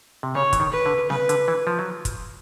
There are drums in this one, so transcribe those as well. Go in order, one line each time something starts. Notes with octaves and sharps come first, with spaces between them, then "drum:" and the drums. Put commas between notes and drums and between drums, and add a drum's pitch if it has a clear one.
C3
C#3 C#5
E3, drum: kick, hi-hat
D#3
B4
D3
C#3 B4, drum: snare C4
D3, drum: hi-hat
E3
F3
F#3
drum: kick, hi-hat